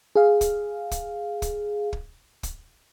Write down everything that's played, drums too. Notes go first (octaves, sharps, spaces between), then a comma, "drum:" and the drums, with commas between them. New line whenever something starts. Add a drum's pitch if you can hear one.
G#4 F5
drum: kick, hi-hat
drum: kick, hi-hat
drum: kick, hi-hat
drum: kick
drum: kick, hi-hat